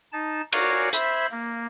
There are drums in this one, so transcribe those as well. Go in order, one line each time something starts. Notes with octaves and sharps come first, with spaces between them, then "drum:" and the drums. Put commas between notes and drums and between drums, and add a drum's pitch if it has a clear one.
D#4 A5
F#4 A#4 C#5 D5 F5 G#5, drum: cymbal
C5 E5 B5 G#6, drum: hi-hat
A#3